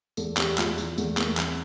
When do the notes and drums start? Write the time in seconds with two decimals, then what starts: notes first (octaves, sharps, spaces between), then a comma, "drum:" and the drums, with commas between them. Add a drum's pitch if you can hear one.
0.17 E2 A4, drum: tambourine
0.37 E2 G4, drum: clap
0.58 E2 F4, drum: clap
0.78 E3, drum: tambourine
0.98 E2 A3, drum: tambourine
1.17 E2 A#3, drum: clap
1.37 E3 C4, drum: clap